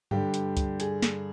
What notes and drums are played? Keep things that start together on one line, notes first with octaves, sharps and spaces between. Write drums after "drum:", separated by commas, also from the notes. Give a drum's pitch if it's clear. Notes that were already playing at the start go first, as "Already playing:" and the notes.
G2 D3 G4, drum: tom G2
drum: hi-hat
drum: kick C#2, hi-hat
G#4, drum: hi-hat
drum: snare